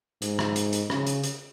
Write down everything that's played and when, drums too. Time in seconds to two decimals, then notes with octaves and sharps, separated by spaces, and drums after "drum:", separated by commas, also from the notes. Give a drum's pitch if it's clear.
0.22 G#2, drum: hi-hat
0.39 drum: rim click
0.56 drum: hi-hat
0.73 drum: hi-hat
0.90 C#3, drum: rim click
1.07 drum: hi-hat
1.24 drum: hi-hat